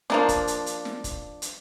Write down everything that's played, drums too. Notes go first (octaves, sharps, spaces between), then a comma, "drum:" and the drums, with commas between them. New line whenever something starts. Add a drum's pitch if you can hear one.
F3 A#3 D4, drum: snare
drum: kick, hi-hat
drum: hi-hat
drum: hi-hat
drum: snare
drum: kick, hi-hat
drum: hi-hat